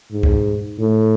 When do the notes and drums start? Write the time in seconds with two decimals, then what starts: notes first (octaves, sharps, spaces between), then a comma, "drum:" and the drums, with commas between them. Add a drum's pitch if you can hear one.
0.12 G#2
0.23 drum: kick
0.79 A2